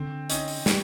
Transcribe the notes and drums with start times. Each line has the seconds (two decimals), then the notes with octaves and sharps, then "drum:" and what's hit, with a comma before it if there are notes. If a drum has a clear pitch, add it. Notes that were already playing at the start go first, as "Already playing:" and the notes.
Already playing: D3 C4
0.30 C#4 D#4, drum: hi-hat
0.48 drum: open hi-hat
0.66 G3, drum: snare